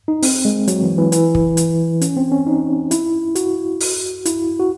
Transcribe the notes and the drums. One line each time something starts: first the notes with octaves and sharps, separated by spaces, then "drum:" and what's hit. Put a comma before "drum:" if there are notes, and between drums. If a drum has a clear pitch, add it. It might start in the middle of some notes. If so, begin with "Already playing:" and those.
D#4
C4, drum: open hi-hat
G#3
F#3, drum: hi-hat
E3
E3
E3, drum: hi-hat
drum: kick
drum: hi-hat
C#4, drum: hi-hat
C4
C#4
D#4
E4, drum: hi-hat
F#4, drum: hi-hat
drum: open hi-hat
E4, drum: hi-hat
F#4